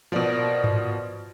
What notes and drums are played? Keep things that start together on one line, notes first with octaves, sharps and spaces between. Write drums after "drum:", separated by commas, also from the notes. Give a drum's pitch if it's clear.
B2 F3 A#4 D5
drum: tom G2